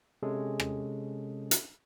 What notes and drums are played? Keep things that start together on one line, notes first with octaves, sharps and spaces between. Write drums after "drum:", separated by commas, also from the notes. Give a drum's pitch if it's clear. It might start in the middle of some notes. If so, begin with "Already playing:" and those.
C3 G#3 C#4 G#4 A4
drum: rim click
drum: hi-hat